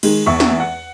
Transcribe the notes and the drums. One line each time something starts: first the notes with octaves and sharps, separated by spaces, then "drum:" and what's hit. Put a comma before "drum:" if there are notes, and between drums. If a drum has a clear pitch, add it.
D#3 G#3, drum: cymbal
E2 E5 C#6
drum: snare
F#5